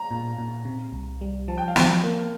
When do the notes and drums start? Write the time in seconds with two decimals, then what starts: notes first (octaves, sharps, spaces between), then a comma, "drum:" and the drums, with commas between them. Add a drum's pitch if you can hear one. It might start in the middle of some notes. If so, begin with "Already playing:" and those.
Already playing: A#5
0.11 A#2
0.38 A#2
0.65 C3
0.93 C2
1.21 G3
1.48 F3 A5
1.58 G5
1.68 F5
1.76 F3 G5, drum: snare
2.03 A#3